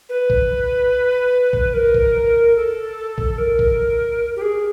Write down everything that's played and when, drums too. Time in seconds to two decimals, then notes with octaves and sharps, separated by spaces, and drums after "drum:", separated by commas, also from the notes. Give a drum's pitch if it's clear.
0.09 B4
0.30 drum: kick B1
1.53 drum: kick B1
1.74 A#4
1.94 drum: kick B1
2.56 A4
3.18 drum: kick B1
3.38 A#4
3.59 drum: kick B1
4.36 G4
4.41 G#4